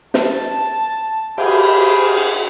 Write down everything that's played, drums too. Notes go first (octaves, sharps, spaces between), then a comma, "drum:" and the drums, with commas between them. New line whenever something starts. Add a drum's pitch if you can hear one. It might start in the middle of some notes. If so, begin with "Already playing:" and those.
A5, drum: snare
G4 G#4 B5, drum: cymbal
drum: cymbal